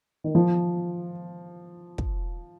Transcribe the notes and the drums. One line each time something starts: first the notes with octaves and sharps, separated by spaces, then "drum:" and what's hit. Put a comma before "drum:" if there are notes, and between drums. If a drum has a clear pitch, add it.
D#3
F3
drum: kick